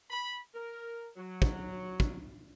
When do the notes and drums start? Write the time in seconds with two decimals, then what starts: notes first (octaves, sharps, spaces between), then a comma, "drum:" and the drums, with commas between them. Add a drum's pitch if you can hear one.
0.10 B5
0.54 A#4
1.17 F#3
1.42 drum: kick
2.00 drum: kick